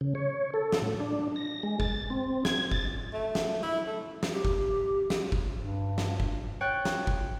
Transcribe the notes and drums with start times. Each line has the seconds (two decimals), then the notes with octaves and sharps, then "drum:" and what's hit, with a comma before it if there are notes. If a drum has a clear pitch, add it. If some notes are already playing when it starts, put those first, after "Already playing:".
0.01 C#3
0.15 C#5
0.54 A4
0.72 drum: snare
0.82 A2
1.00 D4
1.36 A#6
1.63 G#3
1.80 A6, drum: kick F#1
2.10 C4
2.45 G#6, drum: snare
2.71 A6, drum: kick F#1
3.13 A3
3.35 drum: snare
3.63 E4
3.87 A3
4.23 drum: snare
4.33 G4
4.45 drum: kick F#1
5.10 drum: snare
5.32 drum: kick F#1
5.60 G2
5.98 drum: snare
6.20 drum: kick F#1
6.61 C#5 G5 F#6 A6
6.85 drum: snare
7.07 drum: kick F#1